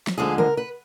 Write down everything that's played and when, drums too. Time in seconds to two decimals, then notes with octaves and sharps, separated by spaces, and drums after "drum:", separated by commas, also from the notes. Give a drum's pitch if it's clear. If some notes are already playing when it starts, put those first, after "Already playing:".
0.07 drum: snare
0.18 D2 D3 F3 G#3 G#4
0.38 A#4, drum: tom
0.57 B4